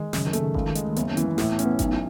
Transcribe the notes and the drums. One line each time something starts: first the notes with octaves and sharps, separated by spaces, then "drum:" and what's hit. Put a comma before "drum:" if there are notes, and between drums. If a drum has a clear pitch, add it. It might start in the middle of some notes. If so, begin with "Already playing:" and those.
Already playing: D#3 G#3
F#2 C#3, drum: snare
D#3
A3, drum: hi-hat
C#3
C#2 D#3, drum: kick G1
G#3, drum: hi-hat
A3
F#1 B3, drum: hi-hat
C#4
E3, drum: hi-hat
G#3
A2 A3, drum: snare
B3
C#4, drum: hi-hat
B3
B1 D#4, drum: kick G1, hi-hat
E4